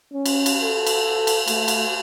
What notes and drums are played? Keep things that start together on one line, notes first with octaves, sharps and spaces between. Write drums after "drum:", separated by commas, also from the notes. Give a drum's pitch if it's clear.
C#4
drum: cymbal
drum: cymbal
A4
drum: cymbal
drum: cymbal
A3, drum: cymbal
drum: cymbal